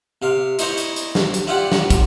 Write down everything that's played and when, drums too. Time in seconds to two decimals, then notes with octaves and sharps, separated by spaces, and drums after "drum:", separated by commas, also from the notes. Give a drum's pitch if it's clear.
0.22 C3 F5
0.59 D#4 E4 C5 C#5 D#5, drum: hi-hat
0.78 drum: hi-hat
0.96 drum: hi-hat
1.15 drum: snare
1.34 drum: hi-hat
1.47 E4 F4 G4 D5 F#5
1.72 drum: snare
1.90 drum: kick, hi-hat